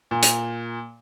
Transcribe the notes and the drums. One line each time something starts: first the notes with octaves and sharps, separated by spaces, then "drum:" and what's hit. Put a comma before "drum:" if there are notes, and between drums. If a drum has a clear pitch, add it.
A#2
drum: hi-hat